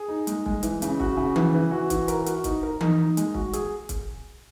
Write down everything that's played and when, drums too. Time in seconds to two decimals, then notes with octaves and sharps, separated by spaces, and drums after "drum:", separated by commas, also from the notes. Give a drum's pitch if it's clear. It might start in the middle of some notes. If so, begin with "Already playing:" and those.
Already playing: G#4
0.08 D#4
0.27 G#3, drum: hi-hat
0.46 G#3, drum: kick
0.63 E3, drum: hi-hat
0.82 C#3, drum: hi-hat
1.00 F#4, drum: kick
1.17 C#3
1.36 E3, drum: tom E3
1.54 E3
1.71 F#4
1.90 E3, drum: kick, hi-hat
2.08 A#4, drum: hi-hat
2.26 F#4, drum: hi-hat
2.44 D#4, drum: kick, hi-hat
2.63 A#4
2.81 D#4, drum: tom E3
2.98 D#4
3.17 G#3, drum: hi-hat
3.34 F#4, drum: kick
3.53 G#4, drum: hi-hat
3.89 drum: kick, hi-hat